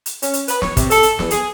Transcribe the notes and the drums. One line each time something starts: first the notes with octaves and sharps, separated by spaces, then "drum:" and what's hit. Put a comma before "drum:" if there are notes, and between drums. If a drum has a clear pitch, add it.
drum: hi-hat
C#4, drum: hi-hat
drum: hi-hat
B4, drum: hi-hat
C#5, drum: snare
C3, drum: kick, hi-hat
A4, drum: hi-hat
drum: hi-hat
E2, drum: snare
G#4, drum: hi-hat